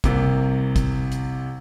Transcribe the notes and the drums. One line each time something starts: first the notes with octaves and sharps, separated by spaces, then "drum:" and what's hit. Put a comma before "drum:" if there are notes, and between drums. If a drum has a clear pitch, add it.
C2 C3 A#3, drum: kick, hi-hat
drum: kick, hi-hat
drum: hi-hat